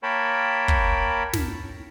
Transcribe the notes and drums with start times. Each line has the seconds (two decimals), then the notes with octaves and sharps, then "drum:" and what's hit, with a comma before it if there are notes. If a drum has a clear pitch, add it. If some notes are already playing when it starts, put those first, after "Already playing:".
0.03 A#3 A#4 C#5 G5 A5 B5
0.68 drum: kick
1.33 drum: snare